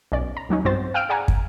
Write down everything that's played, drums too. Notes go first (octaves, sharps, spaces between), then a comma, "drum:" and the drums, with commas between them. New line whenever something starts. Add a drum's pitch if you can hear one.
B1 C#4 D5
A#5
D#2 F#3 C#4 D#4
B1 G2 C4 F#4 C5 A6
F5 G5 E6 F6 D7
G#4 D5 F#5 G#5 A#5
drum: kick